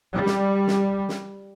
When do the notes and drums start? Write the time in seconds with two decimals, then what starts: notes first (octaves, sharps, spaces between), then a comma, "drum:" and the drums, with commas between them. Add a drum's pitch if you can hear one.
0.12 G3
0.26 drum: snare
0.67 drum: snare
1.09 drum: snare